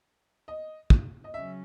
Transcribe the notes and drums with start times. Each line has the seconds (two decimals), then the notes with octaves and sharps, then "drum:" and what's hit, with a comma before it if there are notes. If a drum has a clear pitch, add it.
0.48 D#5
0.90 drum: kick
1.24 D#5
1.34 C#3 F#3 C#4 E5